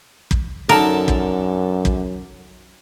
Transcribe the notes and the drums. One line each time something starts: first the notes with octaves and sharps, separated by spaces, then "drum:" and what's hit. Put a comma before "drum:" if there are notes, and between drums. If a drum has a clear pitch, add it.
drum: kick
F#2 D3 D4 D#4 A4 A#4 A5
drum: kick
drum: kick